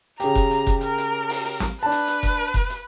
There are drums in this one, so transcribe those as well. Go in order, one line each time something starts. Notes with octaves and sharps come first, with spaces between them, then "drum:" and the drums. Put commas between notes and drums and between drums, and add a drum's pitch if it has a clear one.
C#3 G4 A#5, drum: hi-hat
drum: kick F1, hi-hat
drum: hi-hat
drum: kick F1, hi-hat
A#4, drum: hi-hat
drum: hi-hat
drum: open hi-hat
drum: hi-hat
drum: snare
D4 B4 A5
drum: hi-hat
drum: hi-hat
drum: kick F1, hi-hat
drum: kick F1, hi-hat
drum: hi-hat